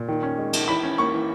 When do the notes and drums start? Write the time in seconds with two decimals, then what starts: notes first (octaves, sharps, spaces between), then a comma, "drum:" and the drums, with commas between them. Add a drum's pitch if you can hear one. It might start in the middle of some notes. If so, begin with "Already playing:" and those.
Already playing: A#2
0.08 D#3
0.23 C#4
0.38 G#3
0.53 D#3, drum: cymbal
0.68 E3 B5
0.83 C#4
0.98 A#3 C#6
1.13 E3